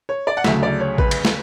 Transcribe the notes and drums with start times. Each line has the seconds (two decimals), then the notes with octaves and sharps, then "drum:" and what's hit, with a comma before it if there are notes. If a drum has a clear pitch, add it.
0.09 C#5
0.27 D5
0.37 F#5
0.44 D2 C#3 F#3 A3 E5, drum: snare
0.63 D5
0.80 C#5
0.98 B4, drum: kick A1
1.11 drum: cymbal
1.25 drum: snare